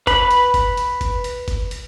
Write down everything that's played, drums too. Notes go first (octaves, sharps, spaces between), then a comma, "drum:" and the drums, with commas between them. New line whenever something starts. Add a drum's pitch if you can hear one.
B4 B5, drum: kick F#1, hi-hat
drum: hi-hat
drum: kick F#1, hi-hat
drum: hi-hat
drum: kick F#1, hi-hat
drum: hi-hat
drum: kick F#1, hi-hat
drum: hi-hat